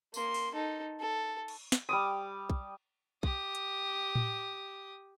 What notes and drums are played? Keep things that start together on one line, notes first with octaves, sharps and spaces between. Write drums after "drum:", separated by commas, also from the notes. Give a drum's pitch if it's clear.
A#3 C6, drum: tambourine
drum: open hi-hat
D#4 A4
A4
drum: cymbal
drum: snare
G3 D6 D#6
drum: kick B1
G4 D#6, drum: kick B1
drum: hi-hat
drum: tom A2